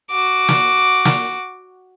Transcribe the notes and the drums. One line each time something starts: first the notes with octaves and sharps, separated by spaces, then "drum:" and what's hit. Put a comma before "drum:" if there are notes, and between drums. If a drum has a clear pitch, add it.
F#4 D6
drum: snare
drum: snare